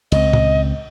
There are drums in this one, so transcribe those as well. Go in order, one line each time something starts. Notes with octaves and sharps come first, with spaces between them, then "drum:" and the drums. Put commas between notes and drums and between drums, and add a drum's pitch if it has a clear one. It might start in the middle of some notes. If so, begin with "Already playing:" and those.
C#2 C4 D#5, drum: cymbal
drum: tom